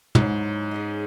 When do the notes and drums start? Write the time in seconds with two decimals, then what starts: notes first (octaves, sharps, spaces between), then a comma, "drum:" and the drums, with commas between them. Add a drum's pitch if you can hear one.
0.15 G#2 F#3 E4 C#5, drum: tom
0.71 G#3 C#4 G#4